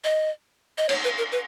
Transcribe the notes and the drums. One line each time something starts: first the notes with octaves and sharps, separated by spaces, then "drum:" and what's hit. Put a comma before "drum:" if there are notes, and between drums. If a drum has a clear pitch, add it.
D#5
D#5
C#5, drum: cymbal
B4
A#4
B4